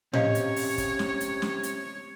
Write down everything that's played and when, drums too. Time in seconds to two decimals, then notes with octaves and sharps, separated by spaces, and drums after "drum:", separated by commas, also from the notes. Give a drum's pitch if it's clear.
0.13 C3 C#4 C5 C#5 D#5 F5, drum: tom A2
0.35 drum: hi-hat
0.56 drum: open hi-hat
0.78 drum: kick, hi-hat
0.99 drum: snare
1.21 drum: hi-hat
1.42 drum: snare
1.63 drum: hi-hat